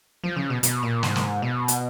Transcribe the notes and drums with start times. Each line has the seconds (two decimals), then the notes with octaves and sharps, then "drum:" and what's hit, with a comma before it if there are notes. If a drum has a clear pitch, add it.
0.24 F3
0.36 C#3
0.50 B2
0.63 B2, drum: hi-hat
0.83 A#2
1.03 G#2, drum: snare
1.16 drum: snare
1.42 B2
1.68 drum: hi-hat